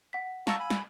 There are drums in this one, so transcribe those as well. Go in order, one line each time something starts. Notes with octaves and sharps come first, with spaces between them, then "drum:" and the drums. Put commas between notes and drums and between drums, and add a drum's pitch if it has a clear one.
F#5 B6
F5 A5 A#5 C#6 E6, drum: snare
G#5 B5
drum: snare